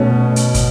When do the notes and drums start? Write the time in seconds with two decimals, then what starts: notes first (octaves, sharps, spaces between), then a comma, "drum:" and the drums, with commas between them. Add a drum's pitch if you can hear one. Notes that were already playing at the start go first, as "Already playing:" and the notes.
Already playing: B2 A3 C#4
0.36 drum: hi-hat
0.54 drum: kick, hi-hat